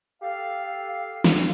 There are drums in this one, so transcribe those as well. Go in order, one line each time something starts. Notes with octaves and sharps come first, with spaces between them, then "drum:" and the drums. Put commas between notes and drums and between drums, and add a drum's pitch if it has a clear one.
G4 A4 F5
drum: snare